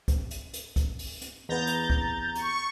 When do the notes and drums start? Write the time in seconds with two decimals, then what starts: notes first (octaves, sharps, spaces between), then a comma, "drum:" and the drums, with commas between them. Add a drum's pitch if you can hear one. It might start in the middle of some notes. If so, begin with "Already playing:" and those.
0.08 drum: kick, hi-hat
0.31 drum: hi-hat
0.53 drum: hi-hat
0.76 drum: kick, hi-hat
0.99 drum: open hi-hat
1.22 drum: hi-hat
1.49 E2 B3 A#5 G6 A6
1.67 drum: hi-hat
1.90 drum: kick
2.35 C#6, drum: hi-hat